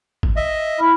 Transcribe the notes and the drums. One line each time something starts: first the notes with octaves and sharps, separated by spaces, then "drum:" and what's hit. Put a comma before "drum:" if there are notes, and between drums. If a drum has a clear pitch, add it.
drum: kick
D#5 E5
E4 B5 F6